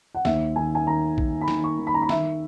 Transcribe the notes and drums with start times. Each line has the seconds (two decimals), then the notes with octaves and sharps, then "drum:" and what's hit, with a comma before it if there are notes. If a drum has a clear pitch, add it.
0.15 F#5
0.25 D#2 E5, drum: snare
0.56 D#3 G#5
0.75 G#5
0.87 D#3 A#5
1.18 D#3, drum: kick
1.41 B5
1.48 D#3, drum: snare
1.64 C#6
1.79 D#3
1.87 B5
1.94 A#5
2.02 B5
2.09 D#3 E5, drum: snare